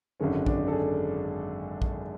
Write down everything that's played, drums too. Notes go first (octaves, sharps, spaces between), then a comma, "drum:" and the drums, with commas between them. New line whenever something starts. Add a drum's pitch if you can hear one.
G#1 F#2 D3 G#3 C#4
D4, drum: kick A#1
A4
G#4
drum: kick A#1